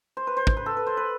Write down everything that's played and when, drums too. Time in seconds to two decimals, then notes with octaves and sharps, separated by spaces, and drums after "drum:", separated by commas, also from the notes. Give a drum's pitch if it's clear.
0.17 C5
0.27 B4
0.37 C5
0.47 C5, drum: kick
0.57 B4
0.66 A4
0.77 B4
0.87 C5
0.97 B4